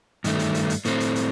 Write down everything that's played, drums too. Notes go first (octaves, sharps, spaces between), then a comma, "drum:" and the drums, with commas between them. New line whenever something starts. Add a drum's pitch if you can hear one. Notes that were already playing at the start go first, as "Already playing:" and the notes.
G2 D#3 A3, drum: hi-hat
drum: hi-hat
drum: hi-hat
drum: hi-hat
A2 A3 C4, drum: hi-hat
drum: hi-hat
drum: hi-hat